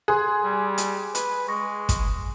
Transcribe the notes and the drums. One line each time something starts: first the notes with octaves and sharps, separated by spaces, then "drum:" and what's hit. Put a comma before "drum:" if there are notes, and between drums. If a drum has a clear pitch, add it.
G#4 C6 F#6
G3
drum: hi-hat
B4, drum: hi-hat
G#3 C#6 A#6
drum: kick, hi-hat